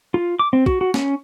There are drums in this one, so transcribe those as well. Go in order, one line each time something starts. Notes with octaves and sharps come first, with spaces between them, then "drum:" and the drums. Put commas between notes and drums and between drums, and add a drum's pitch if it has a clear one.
F4
D6
C4
F#4, drum: kick
F#4
C#4, drum: snare